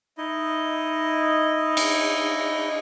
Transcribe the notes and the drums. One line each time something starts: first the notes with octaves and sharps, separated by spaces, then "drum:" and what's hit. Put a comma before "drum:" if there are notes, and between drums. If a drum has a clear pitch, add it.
D#4 E4 D#5
drum: cymbal